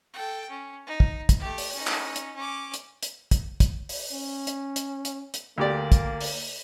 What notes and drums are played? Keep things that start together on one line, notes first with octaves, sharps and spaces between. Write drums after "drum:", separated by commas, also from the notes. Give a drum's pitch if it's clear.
A4 G5
C#4
D#4
drum: kick
drum: kick, hi-hat
A3 G4
drum: open hi-hat
C#4 D#4
drum: clap
drum: hi-hat
C#4 D6
drum: hi-hat
drum: hi-hat
drum: kick, hi-hat
drum: kick, hi-hat
drum: open hi-hat
C#4
drum: hi-hat
drum: hi-hat
drum: hi-hat
drum: hi-hat
D2 A#3 G4 D5
drum: kick, hi-hat
drum: open hi-hat